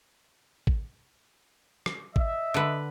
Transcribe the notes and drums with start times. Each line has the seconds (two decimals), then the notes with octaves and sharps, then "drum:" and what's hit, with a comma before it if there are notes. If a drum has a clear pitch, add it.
0.67 drum: kick G#1
1.86 drum: rim click
2.16 D#5 E5, drum: kick G#1
2.54 D3 B4